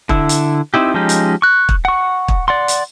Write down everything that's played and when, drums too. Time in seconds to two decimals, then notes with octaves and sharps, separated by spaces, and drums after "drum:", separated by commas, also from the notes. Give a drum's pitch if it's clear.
0.09 D3 E4, drum: kick
0.29 drum: hi-hat
0.74 C4 D#4 E4 G4
0.94 F3 G#3 C#4 D#4 G4
1.09 drum: hi-hat
1.42 C#6 F#6
1.69 drum: kick
1.85 F#5 C#6
2.28 drum: kick
2.48 D5 F#5 C6
2.68 drum: hi-hat